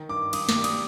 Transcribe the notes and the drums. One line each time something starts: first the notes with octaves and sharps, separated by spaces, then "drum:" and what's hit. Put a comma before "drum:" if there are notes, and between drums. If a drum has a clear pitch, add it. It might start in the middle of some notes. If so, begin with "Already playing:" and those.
Already playing: D#3
G2 D6
G2 D#6, drum: cymbal
D6, drum: snare
G3
D#6, drum: cymbal